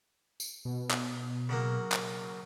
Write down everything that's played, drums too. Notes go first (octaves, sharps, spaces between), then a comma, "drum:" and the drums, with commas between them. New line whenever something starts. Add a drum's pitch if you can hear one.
drum: tambourine
B2
drum: clap
C#3 F#3 A#3
drum: clap